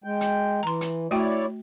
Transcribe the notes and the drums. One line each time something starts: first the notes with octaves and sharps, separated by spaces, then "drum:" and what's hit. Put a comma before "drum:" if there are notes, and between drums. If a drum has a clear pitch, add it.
G#3 G5
drum: hi-hat
E3 A#5 C6
drum: hi-hat
A3 E4 F#4 C#5 D5 G5